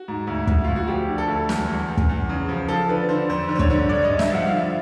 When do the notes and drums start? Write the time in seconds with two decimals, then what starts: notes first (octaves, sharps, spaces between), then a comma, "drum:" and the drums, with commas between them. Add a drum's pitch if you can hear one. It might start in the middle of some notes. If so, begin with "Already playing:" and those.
Already playing: F#4
0.08 G#2
0.27 D2
0.47 D2, drum: kick
0.64 D2 F4
0.76 F#4
0.87 F3 G4
1.08 D3
1.18 A4
1.28 D2
1.49 E2, drum: snare
1.68 E2
1.88 E2
1.97 drum: kick
2.09 E2
2.29 C#3
2.49 F3
2.69 F3 A4
2.89 D3 B4
3.09 D3 C5
3.29 F2 C5
3.49 D3
3.55 C5
3.59 C#5, drum: kick
3.70 D3
3.89 G2 D5
4.04 D#5
4.09 G2
4.19 E5, drum: snare
4.30 F3 F#5
4.46 D3 F5
4.57 E5